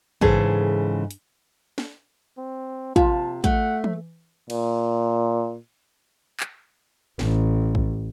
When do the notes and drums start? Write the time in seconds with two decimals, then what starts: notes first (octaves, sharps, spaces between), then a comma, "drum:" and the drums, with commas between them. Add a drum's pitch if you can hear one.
0.21 G#2 C#3 E3 G#4 A4, drum: kick
1.11 drum: hi-hat
1.78 drum: snare
2.38 C4
2.96 C3 F4 A5, drum: kick
3.44 A3 F#5, drum: kick
3.84 drum: tom E3
4.50 A#2, drum: cymbal
6.40 drum: clap
7.19 A1, drum: snare
7.75 drum: kick